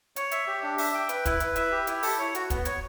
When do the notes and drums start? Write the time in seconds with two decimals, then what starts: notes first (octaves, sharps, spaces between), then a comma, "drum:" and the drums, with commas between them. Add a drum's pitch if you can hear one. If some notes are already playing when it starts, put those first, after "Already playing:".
0.16 C#5, drum: hi-hat
0.31 E5, drum: hi-hat
0.47 G4
0.63 D4
0.78 E5, drum: open hi-hat
0.94 G5
1.09 B4, drum: hi-hat
1.25 E4, drum: kick, hi-hat
1.40 B4, drum: hi-hat
1.56 E5, drum: hi-hat
1.72 G4
1.87 E4, drum: hi-hat
2.03 A4, drum: open hi-hat
2.19 C#5
2.35 F#4, drum: hi-hat
2.50 B3, drum: kick, hi-hat
2.65 C#5, drum: hi-hat